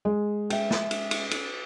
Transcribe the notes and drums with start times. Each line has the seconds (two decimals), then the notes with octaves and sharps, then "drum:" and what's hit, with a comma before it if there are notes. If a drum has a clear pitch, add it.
0.05 G#3
0.50 E5 G5, drum: cymbal
0.70 drum: snare
0.91 drum: cymbal
1.11 drum: cymbal
1.31 drum: cymbal